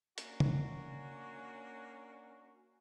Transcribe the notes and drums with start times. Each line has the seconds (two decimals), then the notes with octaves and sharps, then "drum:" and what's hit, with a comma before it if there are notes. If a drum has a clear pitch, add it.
0.18 A#3 C#4 D4 F#4, drum: hi-hat
0.40 drum: tom